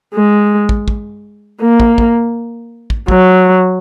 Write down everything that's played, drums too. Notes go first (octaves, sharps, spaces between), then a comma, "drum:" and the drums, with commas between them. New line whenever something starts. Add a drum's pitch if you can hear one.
G#3
drum: kick
drum: kick
A#3
drum: kick
drum: kick
drum: kick
F#3, drum: kick